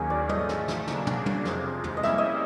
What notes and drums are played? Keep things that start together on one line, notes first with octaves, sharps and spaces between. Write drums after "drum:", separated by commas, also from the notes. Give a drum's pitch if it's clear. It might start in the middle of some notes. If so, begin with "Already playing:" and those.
Already playing: D#2 D#3 F#3 A#3 C#4 G#4
D5
G#2 F3 A3 D#5, drum: tom
drum: snare
drum: snare
C#3 F#3 A#3 D4, drum: snare
drum: tom
drum: tom
F2 C3 F3 G#3, drum: snare
drum: tom
D#5
G3 A#3 C#4 E4 E5, drum: snare
D#5